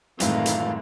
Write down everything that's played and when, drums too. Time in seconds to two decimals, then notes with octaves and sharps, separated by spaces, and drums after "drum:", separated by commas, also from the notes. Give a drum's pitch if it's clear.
0.20 F#1 C2 A2 D#3 E3 C4 F4, drum: hi-hat
0.46 drum: hi-hat